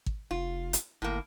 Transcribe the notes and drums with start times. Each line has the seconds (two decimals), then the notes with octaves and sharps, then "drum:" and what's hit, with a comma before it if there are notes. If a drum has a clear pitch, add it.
0.06 drum: kick
0.31 F1 F4
0.73 drum: hi-hat
1.02 G1 A2 A#3